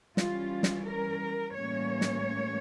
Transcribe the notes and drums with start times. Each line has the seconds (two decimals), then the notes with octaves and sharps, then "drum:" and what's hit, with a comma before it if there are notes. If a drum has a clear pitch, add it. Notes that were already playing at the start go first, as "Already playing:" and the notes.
0.17 E3 G3 C#4 F4, drum: snare
0.63 drum: snare
0.86 A#4
1.55 A2 E3 G3 A#3 C#4 C#5
2.01 drum: snare